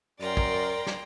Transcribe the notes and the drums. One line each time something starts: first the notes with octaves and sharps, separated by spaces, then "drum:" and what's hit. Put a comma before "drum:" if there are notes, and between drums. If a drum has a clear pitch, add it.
F#2 A#4 D5 G5 A#5 C6
drum: kick
drum: snare